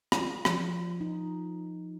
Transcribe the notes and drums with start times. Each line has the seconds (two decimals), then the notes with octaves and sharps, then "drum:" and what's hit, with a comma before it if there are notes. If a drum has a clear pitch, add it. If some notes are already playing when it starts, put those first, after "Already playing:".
0.12 F4, drum: rim click
0.45 F3, drum: rim click
1.01 D#4